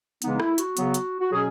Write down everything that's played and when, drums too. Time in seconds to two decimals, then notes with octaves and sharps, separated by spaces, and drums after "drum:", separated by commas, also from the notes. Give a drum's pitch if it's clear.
0.22 C#3 E3 G#3 B3 D#4, drum: hi-hat
0.32 D#4
0.40 E4, drum: rim click
0.58 F#4, drum: hi-hat
0.77 C#3 F#3 B3, drum: hi-hat
0.94 drum: hi-hat
1.19 F#4
1.31 B2 F#3 C#4 G#4